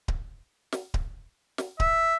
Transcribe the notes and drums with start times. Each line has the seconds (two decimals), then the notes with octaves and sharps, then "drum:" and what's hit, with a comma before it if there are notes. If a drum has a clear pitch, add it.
0.08 drum: kick D1
0.72 drum: snare
0.94 drum: kick D1
1.58 drum: snare
1.80 E5, drum: kick D1